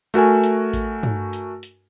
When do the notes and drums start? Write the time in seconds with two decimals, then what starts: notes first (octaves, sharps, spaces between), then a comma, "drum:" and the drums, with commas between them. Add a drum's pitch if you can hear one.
0.14 A3 F#4 A#4 G#5, drum: hi-hat
0.44 drum: hi-hat
0.73 drum: kick A1, hi-hat
1.03 drum: tom
1.33 drum: hi-hat
1.63 drum: hi-hat